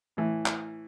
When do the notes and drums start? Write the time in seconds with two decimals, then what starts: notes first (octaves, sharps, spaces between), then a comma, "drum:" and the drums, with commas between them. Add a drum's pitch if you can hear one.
0.17 A2 E3
0.46 drum: clap